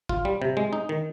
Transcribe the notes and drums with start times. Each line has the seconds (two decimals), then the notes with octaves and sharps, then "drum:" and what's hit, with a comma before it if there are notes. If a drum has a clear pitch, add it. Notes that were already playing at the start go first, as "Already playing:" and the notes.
0.09 F4, drum: kick A#1
0.25 G3
0.42 C3
0.57 G#3
0.73 D#4
0.89 D#3